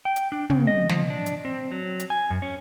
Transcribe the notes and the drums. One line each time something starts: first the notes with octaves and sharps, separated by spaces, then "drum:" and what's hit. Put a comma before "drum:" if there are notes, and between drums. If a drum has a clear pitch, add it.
G5
drum: hi-hat
D4
C#3, drum: tom
D#5
F3, drum: snare
D4
drum: hi-hat
C4
F#3
drum: hi-hat
G#5
F#2
C#4